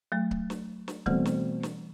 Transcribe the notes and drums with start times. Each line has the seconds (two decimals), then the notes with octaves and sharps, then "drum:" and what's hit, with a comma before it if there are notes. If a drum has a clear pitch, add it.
0.12 F#3 A3
0.31 drum: kick C#1
0.50 drum: snare
0.88 drum: snare
1.06 B2 E3 G3 A3 C4, drum: kick C#1
1.25 drum: snare
1.63 drum: snare